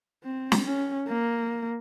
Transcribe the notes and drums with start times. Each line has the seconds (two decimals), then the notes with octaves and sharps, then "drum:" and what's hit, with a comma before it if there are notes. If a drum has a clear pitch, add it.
0.24 C4
0.52 drum: snare
0.66 C#4
1.07 A#3